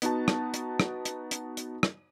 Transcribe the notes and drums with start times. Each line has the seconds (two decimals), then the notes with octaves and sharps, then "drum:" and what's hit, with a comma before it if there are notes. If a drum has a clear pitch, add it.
0.02 B3 D#4 F#4 A5, drum: hi-hat
0.28 drum: rim click
0.54 drum: hi-hat
0.80 drum: rim click
1.05 drum: hi-hat
1.31 drum: hi-hat
1.57 drum: hi-hat
1.83 drum: rim click